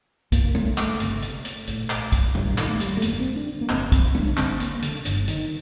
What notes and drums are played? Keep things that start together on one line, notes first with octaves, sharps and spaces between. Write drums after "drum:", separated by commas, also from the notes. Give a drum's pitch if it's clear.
G1 F2 C3 A#3, drum: kick B1, hi-hat
A3, drum: tom
A3, drum: clap
G1 F2 C3, drum: hi-hat
drum: hi-hat
drum: hi-hat
A#1 A2, drum: hi-hat
drum: clap
drum: kick B1, hi-hat
A#1 A2 G3, drum: tom F2
D#3, drum: clap
A3
G3, drum: hi-hat
A3
G1 F2 D3 A#3, drum: hi-hat
C4
D4
A#3
G1 F2 D3 C4, drum: clap
C4, drum: kick B1, hi-hat
D4, drum: tom
G1 G2 D3 C4, drum: clap
A#3, drum: hi-hat
D3, drum: hi-hat
G1 G2 D3, drum: hi-hat
D#3, drum: hi-hat